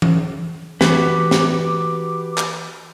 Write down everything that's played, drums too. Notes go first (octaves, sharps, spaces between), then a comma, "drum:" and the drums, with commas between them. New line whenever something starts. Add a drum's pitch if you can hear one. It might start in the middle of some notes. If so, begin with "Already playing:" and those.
drum: tom E3
E3 C4 D4 F#4 G4 B4 D6, drum: snare
drum: snare
drum: clap